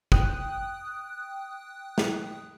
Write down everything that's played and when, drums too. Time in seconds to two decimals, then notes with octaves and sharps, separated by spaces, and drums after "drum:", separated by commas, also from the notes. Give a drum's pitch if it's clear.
0.12 G5 D#6 F#6, drum: kick
1.98 drum: snare